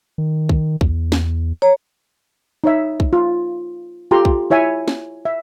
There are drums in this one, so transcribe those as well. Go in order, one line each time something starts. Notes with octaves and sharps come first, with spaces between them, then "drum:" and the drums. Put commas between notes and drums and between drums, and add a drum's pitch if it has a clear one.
D#3
drum: kick
E2, drum: kick
drum: snare
C#5 A#5
D#4 C#5 E5
drum: kick
F4
F4 G4 A4 A#5 C6
drum: kick
E4 C#5 E5 G#5
drum: snare
E5